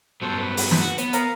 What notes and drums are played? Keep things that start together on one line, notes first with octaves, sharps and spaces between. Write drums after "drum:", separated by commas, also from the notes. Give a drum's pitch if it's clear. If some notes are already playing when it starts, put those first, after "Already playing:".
G2 B2 F#3 A4 C5
B4
drum: open hi-hat
drum: snare
F#4
B3, drum: hi-hat
A#4 F5 A#5, drum: hi-hat